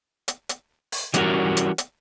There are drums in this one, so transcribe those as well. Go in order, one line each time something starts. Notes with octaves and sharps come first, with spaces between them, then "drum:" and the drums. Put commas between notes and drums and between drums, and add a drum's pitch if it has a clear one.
drum: hi-hat
drum: hi-hat
drum: open hi-hat
E3 G3 C#4 D#4 F#4 A#4, drum: hi-hat
drum: hi-hat
drum: hi-hat